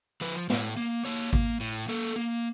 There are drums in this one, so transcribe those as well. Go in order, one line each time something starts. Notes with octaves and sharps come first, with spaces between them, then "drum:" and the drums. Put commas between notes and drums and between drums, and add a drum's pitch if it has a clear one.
F3 B4
A2, drum: snare
A#3
A#3 C#5
A#3, drum: kick G#1
A2
A#3 A4
A#3